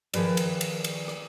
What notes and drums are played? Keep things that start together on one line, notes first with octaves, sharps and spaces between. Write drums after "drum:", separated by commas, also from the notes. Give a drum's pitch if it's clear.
D#3 F3 G#4 B4 D5, drum: cymbal
drum: cymbal
drum: cymbal
drum: cymbal
drum: rim click